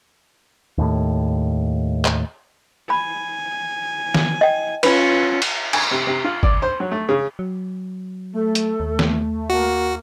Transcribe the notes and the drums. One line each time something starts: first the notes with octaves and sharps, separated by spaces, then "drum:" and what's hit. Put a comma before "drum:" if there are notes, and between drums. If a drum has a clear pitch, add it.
D#2 A2
drum: clap
G#5 B5
drum: snare
D#5 G5
C#4 F4 B4 B5, drum: cymbal
drum: cymbal
G#5, drum: cymbal
C3
C3
F4
D5, drum: kick
C5
F#3
A3
C#3
F#3
A3 A4
drum: hi-hat
D#2
drum: snare
A#3 F#4